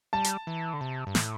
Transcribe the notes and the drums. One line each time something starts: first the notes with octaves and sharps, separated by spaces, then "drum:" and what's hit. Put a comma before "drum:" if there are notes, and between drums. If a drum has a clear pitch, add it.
G3 A5
drum: hi-hat
E3
D3
C3
G2
A2, drum: snare